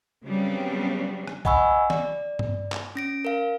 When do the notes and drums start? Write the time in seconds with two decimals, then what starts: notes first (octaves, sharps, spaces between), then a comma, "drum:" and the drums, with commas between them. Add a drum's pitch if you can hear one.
0.25 C#3 F#3 G3 B3 C4 D4
1.27 drum: rim click
1.45 D#5 F#5 G#5 B5 C#6 E6, drum: kick
1.90 D5, drum: snare
2.39 drum: tom G2
2.72 drum: clap
2.95 C#4 A#6 D7
3.25 A#4 F5